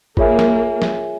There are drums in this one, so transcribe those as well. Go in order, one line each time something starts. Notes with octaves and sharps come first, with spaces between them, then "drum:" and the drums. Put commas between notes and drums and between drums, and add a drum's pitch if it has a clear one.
A#3 F4 G#4 C#5 E5 G#5, drum: kick G1
drum: snare
drum: snare